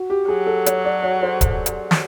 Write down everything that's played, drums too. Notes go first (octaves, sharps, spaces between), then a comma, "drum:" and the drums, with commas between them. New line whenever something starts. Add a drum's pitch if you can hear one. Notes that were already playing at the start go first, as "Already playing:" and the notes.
Already playing: F#4
G4
F#3 G#4
A4
C#5, drum: hi-hat
D5
C#5
C5
drum: kick, hi-hat
drum: hi-hat
drum: snare